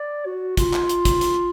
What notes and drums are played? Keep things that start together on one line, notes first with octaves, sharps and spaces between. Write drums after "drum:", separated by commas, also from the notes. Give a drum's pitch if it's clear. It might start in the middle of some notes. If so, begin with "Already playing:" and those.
Already playing: D5
F#4
F4, drum: kick, hi-hat
drum: clap
drum: hi-hat
drum: kick, hi-hat
drum: hi-hat